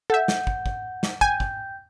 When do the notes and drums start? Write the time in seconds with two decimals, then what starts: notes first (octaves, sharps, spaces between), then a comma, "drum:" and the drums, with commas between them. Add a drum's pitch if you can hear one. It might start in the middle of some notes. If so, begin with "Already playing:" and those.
0.10 A4 E5 F#5 G6
0.28 drum: snare
0.47 drum: kick
0.66 drum: kick
1.03 drum: snare
1.21 G5 G#5 G6, drum: kick
1.40 drum: kick